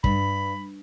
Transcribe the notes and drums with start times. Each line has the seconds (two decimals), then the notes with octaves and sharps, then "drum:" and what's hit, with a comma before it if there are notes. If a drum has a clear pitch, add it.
0.04 G2 B5, drum: kick